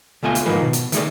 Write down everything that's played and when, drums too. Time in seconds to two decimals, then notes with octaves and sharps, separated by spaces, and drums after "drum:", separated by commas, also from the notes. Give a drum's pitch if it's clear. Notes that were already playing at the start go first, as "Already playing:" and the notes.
0.23 D2 B2 A3 F4 G#5
0.35 drum: hi-hat
0.46 G#2 D#3 F3 A#3 B4
0.62 B2
0.73 drum: hi-hat
0.92 D#3 A3 G#4 D5, drum: hi-hat